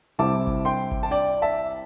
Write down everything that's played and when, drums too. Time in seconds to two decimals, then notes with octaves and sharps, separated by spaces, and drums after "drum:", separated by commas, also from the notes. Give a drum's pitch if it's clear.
0.19 C2 C3 G3 C4 E4 A5 D6
0.47 drum: kick G1
0.65 G5 C6
0.91 drum: kick G1
1.03 A5
1.11 D5 G5
1.42 E5 A5